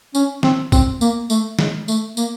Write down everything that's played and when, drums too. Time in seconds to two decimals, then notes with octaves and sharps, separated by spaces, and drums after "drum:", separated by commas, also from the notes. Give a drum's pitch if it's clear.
0.15 C#4, drum: tambourine
0.43 C4, drum: snare
0.72 C4, drum: kick, tambourine
1.01 A#3, drum: tambourine
1.30 A3, drum: tambourine
1.59 G#3, drum: snare
1.88 A3, drum: tambourine
2.17 A#3, drum: tambourine